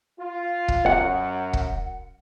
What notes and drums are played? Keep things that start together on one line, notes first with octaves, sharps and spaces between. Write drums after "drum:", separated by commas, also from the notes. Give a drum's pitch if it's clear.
F4
drum: kick
F#2 F#5
drum: kick